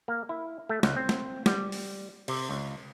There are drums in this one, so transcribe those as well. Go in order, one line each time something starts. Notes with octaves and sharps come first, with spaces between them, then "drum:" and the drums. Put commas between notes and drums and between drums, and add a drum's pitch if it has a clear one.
A#3
E4
A3
C#2, drum: snare
C4
drum: snare
G3, drum: snare
drum: open hi-hat
C3, drum: cymbal
C#2